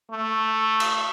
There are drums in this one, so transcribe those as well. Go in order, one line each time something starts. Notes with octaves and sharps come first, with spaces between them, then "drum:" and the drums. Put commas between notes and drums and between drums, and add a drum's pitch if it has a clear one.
A3
drum: cymbal